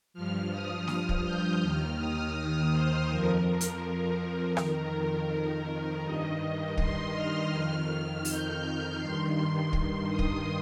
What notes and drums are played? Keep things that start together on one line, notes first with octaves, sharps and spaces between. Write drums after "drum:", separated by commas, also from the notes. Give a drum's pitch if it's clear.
G2 F3 F6
D#6
F6, drum: snare
drum: kick
G6
D#2 D#3 F6
D#6
D#6
C5
F2 F3 A#4
drum: hi-hat
F2 D#3, drum: rim click
G2 D#3 D#5
C6, drum: kick
F6
F2 D#3 F6
F6
G6, drum: open hi-hat
F6
G2 D#3 C6
C6, drum: kick
D#6
drum: kick